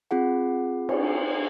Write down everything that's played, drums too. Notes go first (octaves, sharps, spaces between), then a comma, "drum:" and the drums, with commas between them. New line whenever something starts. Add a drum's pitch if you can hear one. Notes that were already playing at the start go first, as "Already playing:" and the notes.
C4 F4 G#4 F#5
drum: cymbal